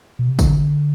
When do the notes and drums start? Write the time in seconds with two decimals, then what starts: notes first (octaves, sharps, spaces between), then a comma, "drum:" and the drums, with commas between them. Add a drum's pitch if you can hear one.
0.19 B2
0.29 C3
0.39 D3, drum: kick G#1, tambourine